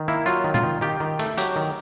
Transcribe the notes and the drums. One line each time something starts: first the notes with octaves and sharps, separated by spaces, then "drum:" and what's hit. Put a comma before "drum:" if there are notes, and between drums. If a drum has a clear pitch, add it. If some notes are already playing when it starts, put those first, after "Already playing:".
Already playing: D#3
A#3 E4
F#3 F4
D#3
F4, drum: tom A#2
D#3
D#3 G4
D#3
A3, drum: cymbal
F#3 G4, drum: hi-hat
D#3